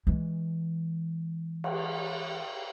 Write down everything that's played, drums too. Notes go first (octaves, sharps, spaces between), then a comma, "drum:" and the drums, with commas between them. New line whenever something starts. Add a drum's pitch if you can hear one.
E3 G#3
drum: cymbal